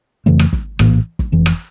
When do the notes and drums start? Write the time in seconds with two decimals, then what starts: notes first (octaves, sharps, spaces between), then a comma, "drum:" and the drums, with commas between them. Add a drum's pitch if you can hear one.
0.26 F2 C#3 E3 A3
0.39 drum: rim click
0.53 drum: kick
0.79 A#1 A2 E3 A#3, drum: rim click
1.19 drum: kick
1.32 F1 F2 E3
1.46 drum: rim click